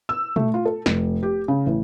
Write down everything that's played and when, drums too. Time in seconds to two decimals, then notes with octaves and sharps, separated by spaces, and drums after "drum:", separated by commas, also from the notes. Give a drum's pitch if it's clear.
0.09 E6
0.36 A3, drum: tom
0.54 F4
0.65 A4
0.86 F1, drum: snare
1.23 G4
1.48 C#3
1.66 A1